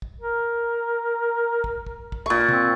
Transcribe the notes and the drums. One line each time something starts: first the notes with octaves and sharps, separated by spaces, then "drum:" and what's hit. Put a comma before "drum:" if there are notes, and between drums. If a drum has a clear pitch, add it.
drum: kick
A#4
drum: kick
drum: kick
drum: kick
A#2 C#6
C4, drum: tom